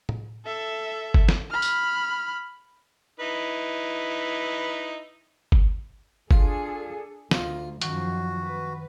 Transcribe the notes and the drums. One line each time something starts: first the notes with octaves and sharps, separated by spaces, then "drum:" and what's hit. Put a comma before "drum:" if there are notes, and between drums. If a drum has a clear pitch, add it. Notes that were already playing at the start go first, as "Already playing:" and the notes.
drum: tom A2
A4 E5
drum: kick G1
drum: snare
B5 F6
drum: tambourine
D#4 E4 B4
drum: kick G1
D4 F4 G#4 A4, drum: kick G1
D2 F4 D#5, drum: snare
F#2 D#3 F3 F#4, drum: hi-hat
B4